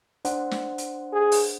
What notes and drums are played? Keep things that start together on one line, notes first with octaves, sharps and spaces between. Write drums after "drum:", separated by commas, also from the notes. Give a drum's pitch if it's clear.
D4 C5 F#5, drum: hi-hat
drum: snare
drum: hi-hat
G#4
drum: open hi-hat